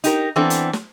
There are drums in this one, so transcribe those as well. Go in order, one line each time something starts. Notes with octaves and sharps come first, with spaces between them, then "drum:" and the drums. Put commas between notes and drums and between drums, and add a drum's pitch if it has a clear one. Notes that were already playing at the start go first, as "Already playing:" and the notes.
D#4 G4 A#4, drum: hi-hat
E3 B3 C4 D4 A4
drum: hi-hat
drum: snare